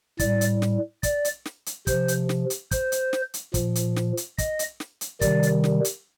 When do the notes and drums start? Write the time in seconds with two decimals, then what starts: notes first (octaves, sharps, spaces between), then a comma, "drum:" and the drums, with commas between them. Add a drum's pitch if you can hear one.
0.19 A2 G3 D5, drum: kick, hi-hat
0.41 drum: hi-hat
0.62 drum: snare
1.03 D5, drum: kick, hi-hat
1.25 drum: hi-hat
1.46 drum: snare
1.66 drum: hi-hat
1.87 C3 F3 C5, drum: kick, hi-hat
2.08 drum: hi-hat
2.29 drum: snare
2.50 drum: hi-hat
2.71 C5, drum: kick, hi-hat
2.92 drum: hi-hat
3.13 drum: snare
3.34 drum: hi-hat
3.54 A#2 F3, drum: kick, hi-hat
3.75 drum: hi-hat
3.96 drum: snare
4.17 drum: hi-hat
4.38 D#5, drum: kick, hi-hat
4.59 drum: hi-hat
4.80 drum: snare
5.01 drum: hi-hat
5.21 C3 D#3 G3 D5, drum: kick, hi-hat
5.43 drum: hi-hat
5.64 drum: snare
5.85 drum: hi-hat